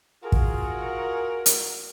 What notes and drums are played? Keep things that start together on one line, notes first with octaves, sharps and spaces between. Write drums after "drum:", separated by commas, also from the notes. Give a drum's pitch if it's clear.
F4 F#4 G#4 A#4
drum: kick
drum: hi-hat